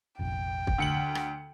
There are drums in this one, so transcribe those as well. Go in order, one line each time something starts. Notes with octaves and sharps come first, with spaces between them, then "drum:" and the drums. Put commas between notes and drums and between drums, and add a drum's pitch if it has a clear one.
F1 A#1 G5
drum: kick
D2 C#7 F#7
drum: rim click